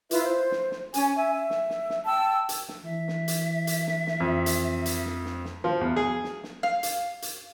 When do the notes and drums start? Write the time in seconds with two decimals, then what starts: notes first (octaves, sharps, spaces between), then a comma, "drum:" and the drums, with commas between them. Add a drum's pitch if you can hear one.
0.11 E4 F4 B4 E5, drum: hi-hat
0.23 C5
0.51 drum: snare
0.71 drum: snare
0.94 C#4 G#5, drum: hi-hat
1.17 E5 G#5
1.34 E5
1.50 drum: snare
1.70 drum: snare
1.90 drum: snare
2.06 G5 A5 E6
2.49 drum: hi-hat
2.68 drum: snare
2.84 E3 E5
3.08 drum: snare
3.28 drum: hi-hat
3.67 drum: hi-hat
3.87 drum: snare
4.07 drum: snare
4.20 F2
4.46 drum: hi-hat
4.86 drum: hi-hat
5.05 drum: snare
5.25 drum: snare
5.45 drum: snare
5.64 F3
5.81 E2
5.96 G#4
6.24 drum: snare
6.43 drum: snare
6.63 F5, drum: snare
6.83 drum: hi-hat
7.22 drum: hi-hat